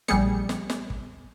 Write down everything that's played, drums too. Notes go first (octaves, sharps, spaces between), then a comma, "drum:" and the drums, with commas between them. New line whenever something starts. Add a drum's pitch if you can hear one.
A#1 G3 G#4 C#7, drum: snare
drum: snare
drum: snare
drum: kick